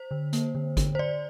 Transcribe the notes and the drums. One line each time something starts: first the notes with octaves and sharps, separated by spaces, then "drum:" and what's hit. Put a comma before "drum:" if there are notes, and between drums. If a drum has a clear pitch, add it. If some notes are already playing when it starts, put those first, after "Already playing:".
Already playing: C5
D3
A#3, drum: hi-hat
D3
D3, drum: kick, hi-hat
C5
D3 D5